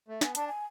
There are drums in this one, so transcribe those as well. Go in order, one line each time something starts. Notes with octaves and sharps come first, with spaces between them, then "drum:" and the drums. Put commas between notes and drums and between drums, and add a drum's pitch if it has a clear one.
A3
B3 G#5, drum: snare
D4 A5, drum: hi-hat
G#5